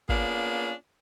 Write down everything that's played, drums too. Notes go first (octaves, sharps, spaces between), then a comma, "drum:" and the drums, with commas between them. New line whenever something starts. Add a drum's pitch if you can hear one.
A#3 B3 C#4 D4 F4 G#4, drum: kick